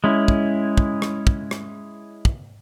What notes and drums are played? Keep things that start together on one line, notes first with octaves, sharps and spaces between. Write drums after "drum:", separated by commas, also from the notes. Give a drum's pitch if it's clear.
G#3 C#4 E4
drum: kick
drum: kick
drum: rim click
drum: kick
drum: rim click
drum: kick